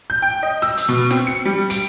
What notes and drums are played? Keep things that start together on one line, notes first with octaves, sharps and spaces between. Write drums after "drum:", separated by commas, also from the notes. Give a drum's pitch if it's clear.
G6
G5
D#5
E6, drum: snare
drum: hi-hat
B2
C4, drum: snare
C#7
G3
D7, drum: hi-hat